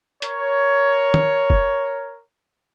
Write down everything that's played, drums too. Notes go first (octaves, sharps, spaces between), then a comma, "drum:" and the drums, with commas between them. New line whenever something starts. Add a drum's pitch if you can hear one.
A#4 C#5, drum: hi-hat
drum: tom
drum: kick